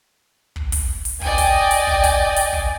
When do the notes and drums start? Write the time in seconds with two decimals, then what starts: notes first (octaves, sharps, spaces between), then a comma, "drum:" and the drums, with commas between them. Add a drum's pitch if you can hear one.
0.56 drum: kick
0.72 drum: kick, open hi-hat
1.05 drum: open hi-hat
1.21 D5 D#5 G5 G#5, drum: kick
1.38 drum: kick, open hi-hat
1.71 drum: open hi-hat
1.87 drum: kick
2.04 drum: kick, open hi-hat
2.36 drum: open hi-hat
2.53 drum: kick